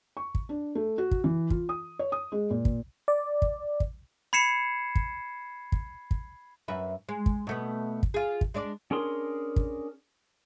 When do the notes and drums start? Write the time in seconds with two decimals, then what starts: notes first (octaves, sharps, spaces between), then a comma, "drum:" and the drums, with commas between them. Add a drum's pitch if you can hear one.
0.17 C#6
0.35 drum: kick
0.49 D4
0.75 A3
0.98 F#4
1.11 drum: kick
1.24 E3
1.50 F4, drum: kick
1.69 D#6
1.99 C#5
2.12 D#6
2.32 G#3
2.50 A#2
2.65 drum: kick
3.08 D5
3.42 drum: kick
3.80 drum: kick
4.33 B5 G#6 C7 C#7 E7
4.95 drum: kick
5.72 drum: kick
6.11 drum: kick
6.68 F#2 B4 E5
7.09 G#3
7.26 drum: kick
7.47 B2 A3 B3
8.03 drum: kick
8.14 F4 G#4
8.41 drum: kick
8.54 G#3 D4 D5
8.91 C#4 D4 G#4 A#4 C6
9.56 drum: kick